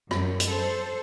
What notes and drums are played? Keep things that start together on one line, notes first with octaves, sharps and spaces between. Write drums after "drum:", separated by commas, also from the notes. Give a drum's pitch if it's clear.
F#2, drum: rim click
drum: hi-hat
A4 C5